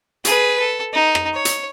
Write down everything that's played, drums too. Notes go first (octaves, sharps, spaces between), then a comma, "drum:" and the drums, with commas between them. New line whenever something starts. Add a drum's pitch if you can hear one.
G#4 B4, drum: hi-hat
A4
D#4
drum: rim click
C#5
drum: hi-hat